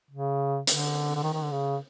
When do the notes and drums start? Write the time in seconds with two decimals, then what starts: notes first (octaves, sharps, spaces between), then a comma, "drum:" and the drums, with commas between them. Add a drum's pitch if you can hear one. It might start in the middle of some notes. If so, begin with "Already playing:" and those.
0.11 C#3
0.67 D3, drum: hi-hat
1.15 D3
1.23 D#3
1.33 D#3
1.43 D3
1.51 C#3